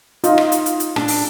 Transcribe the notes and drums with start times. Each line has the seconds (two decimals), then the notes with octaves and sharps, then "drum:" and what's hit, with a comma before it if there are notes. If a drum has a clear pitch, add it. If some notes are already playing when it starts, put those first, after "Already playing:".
0.24 D#4 F4, drum: hi-hat
0.38 drum: rim click
0.52 drum: hi-hat
0.66 drum: hi-hat
0.80 drum: hi-hat
0.96 D4 A5, drum: rim click
1.08 drum: open hi-hat